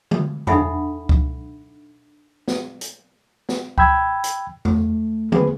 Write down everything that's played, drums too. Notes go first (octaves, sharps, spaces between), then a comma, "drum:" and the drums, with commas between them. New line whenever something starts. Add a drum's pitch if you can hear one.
drum: tom D3
D4 D#4 A4 E5 F#5 B5, drum: tom E2
drum: kick C#2
drum: snare
drum: hi-hat
drum: snare
G5 B5 E6 G#6, drum: kick C#2
drum: hi-hat
A3, drum: tom E2
A#3 C4 G#4 B4, drum: tom D3